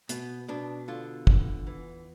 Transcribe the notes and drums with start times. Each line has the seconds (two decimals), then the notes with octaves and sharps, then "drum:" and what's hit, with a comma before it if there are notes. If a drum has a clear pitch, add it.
0.09 B2 B3, drum: hi-hat
0.48 B2 D4
0.88 D3 F4
1.27 E2, drum: kick
1.67 E3